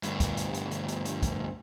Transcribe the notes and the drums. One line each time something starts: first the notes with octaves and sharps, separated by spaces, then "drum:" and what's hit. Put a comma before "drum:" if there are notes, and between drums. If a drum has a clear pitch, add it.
D2 G2, drum: hi-hat
drum: kick, hi-hat
drum: hi-hat
drum: hi-hat
drum: hi-hat
drum: hi-hat
drum: hi-hat
drum: kick, hi-hat